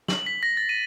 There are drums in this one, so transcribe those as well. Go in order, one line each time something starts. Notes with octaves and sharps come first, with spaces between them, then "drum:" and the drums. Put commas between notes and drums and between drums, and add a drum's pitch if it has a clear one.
F#7, drum: snare
B6
A#6
A6
D#7